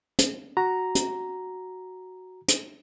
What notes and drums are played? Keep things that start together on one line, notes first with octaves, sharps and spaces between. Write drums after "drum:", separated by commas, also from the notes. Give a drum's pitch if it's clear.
drum: hi-hat
F#4 A#5
drum: hi-hat
drum: hi-hat